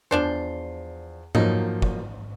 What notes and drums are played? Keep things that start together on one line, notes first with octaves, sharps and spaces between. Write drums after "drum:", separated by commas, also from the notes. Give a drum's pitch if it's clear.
E2 F3 D4 C5
F3 F#3 A#3 D#4, drum: tom G#2
drum: kick